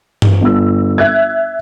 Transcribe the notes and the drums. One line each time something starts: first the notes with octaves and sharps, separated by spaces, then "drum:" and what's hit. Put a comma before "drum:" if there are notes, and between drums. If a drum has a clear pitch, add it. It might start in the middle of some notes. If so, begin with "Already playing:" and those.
drum: tom G2
G1 E6
E5 F#6 G#6